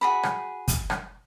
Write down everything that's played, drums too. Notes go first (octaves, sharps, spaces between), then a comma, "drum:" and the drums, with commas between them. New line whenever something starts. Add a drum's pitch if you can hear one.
F#4 G#4 B5
drum: rim click
drum: kick, hi-hat
drum: rim click